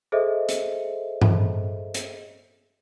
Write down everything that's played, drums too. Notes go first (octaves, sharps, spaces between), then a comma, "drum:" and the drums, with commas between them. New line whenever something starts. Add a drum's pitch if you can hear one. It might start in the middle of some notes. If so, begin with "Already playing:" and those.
G#4 A4 C5 D#5 E5
drum: hi-hat
drum: tom G2
drum: hi-hat